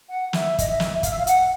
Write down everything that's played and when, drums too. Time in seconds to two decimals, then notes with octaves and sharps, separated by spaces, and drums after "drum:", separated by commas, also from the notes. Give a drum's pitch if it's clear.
0.09 F#5
0.33 E5, drum: snare
0.58 D#5, drum: kick, hi-hat
0.68 E5
0.80 drum: snare
1.03 F5, drum: kick, hi-hat
1.11 E5
1.19 F5
1.27 F#5, drum: hi-hat